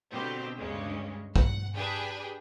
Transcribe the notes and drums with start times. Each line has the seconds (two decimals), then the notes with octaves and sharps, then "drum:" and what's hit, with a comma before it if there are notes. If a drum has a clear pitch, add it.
0.11 B2 D3 C4 G4
0.58 D2 G2 C#3 G#3 C#4
1.36 F#5, drum: kick
1.75 D4 G4 G#4 B4 G5 G#5